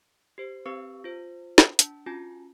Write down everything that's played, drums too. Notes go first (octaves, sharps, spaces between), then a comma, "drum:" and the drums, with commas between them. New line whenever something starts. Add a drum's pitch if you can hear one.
G4 C5
C4 G4 B4 F5 C#6 E6
F4 C5
drum: snare
D4 A5, drum: hi-hat
C#4 F4 F#4 G#5 A5